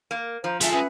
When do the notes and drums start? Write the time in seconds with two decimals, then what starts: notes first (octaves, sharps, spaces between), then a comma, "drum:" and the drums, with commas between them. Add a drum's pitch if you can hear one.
0.11 A#3
0.44 F3 C5 A#5
0.61 G#3 A3 F4 E5 G#5 A5, drum: hi-hat
0.72 C#4 G#4 B4 E5 F#5